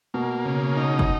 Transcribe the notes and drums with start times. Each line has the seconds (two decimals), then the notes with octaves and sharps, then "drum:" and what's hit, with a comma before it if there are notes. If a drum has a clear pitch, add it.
0.14 B2 A#3
0.45 C#3
0.77 D#4
0.99 drum: kick